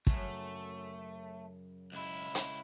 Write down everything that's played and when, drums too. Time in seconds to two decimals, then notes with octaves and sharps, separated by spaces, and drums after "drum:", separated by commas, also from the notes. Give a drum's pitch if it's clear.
0.07 F#2 C#3 A3, drum: kick
1.92 C#2 E4
2.35 drum: hi-hat